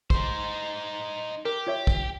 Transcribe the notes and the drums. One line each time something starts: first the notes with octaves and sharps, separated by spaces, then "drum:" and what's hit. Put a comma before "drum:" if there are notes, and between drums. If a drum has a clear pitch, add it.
D#4 C5, drum: kick
G4 A#4
F4 C#5 E5
drum: kick